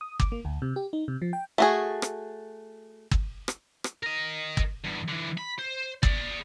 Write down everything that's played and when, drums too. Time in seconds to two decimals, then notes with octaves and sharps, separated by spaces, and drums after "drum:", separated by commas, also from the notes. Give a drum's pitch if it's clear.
0.01 D#6
0.20 D6, drum: kick G1
0.32 A#3
0.45 D2
0.62 C3
0.76 G4
0.93 D#4
1.08 C3
1.22 F3
1.33 G5
1.58 A3 F#4 G#4
2.02 drum: rim click
3.11 drum: kick G1
3.48 drum: rim click
3.84 drum: rim click
4.03 A#4 D#5
4.57 drum: kick G1
4.84 E2 G2
5.08 D3 E3
5.37 B5
5.59 C5
6.03 G#4 D5, drum: kick G1